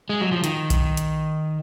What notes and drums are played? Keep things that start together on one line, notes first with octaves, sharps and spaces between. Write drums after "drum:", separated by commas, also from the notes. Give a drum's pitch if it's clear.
G#3
F#3
F3
D#3, drum: hi-hat
drum: kick A#1, hi-hat
drum: hi-hat